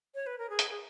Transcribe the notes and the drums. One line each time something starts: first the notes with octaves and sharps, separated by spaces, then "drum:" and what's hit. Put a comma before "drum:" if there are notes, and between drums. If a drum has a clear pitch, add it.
C#5
B4
A#4
G#4
drum: hi-hat
G#4